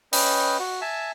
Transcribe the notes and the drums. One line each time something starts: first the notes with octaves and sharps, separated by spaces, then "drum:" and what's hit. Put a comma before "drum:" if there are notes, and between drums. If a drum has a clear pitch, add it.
C#4 B4 D#5 G5, drum: open hi-hat
F#4
E5 G#5 A5